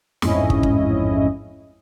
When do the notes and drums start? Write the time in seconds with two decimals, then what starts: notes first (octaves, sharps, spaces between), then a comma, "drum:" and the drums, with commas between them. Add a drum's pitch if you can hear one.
0.22 A1 F2 G#2 C#4 E4 D#5, drum: snare
0.50 drum: kick
0.63 drum: kick